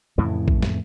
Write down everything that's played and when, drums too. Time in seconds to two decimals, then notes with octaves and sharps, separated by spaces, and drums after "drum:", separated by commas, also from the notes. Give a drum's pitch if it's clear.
0.18 F2 A2 C#3 E3
0.48 drum: kick
0.63 drum: snare